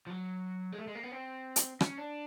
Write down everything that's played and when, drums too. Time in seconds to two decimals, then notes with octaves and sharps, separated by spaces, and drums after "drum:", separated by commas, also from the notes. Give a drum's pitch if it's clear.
0.07 F3
0.10 F#3
0.72 G#3
0.78 A3
0.87 G#3
0.95 A#3
1.03 B3
1.12 C4
1.56 drum: hi-hat
1.81 C#4, drum: rim click
1.97 D4